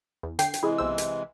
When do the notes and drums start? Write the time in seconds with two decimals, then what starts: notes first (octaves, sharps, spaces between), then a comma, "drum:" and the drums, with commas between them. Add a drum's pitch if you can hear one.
0.23 E2
0.39 D3 G5 C7, drum: hi-hat
0.54 drum: hi-hat
0.63 C3 E3 G#3 E4 G#4
0.78 B1 C5 E6
0.98 drum: hi-hat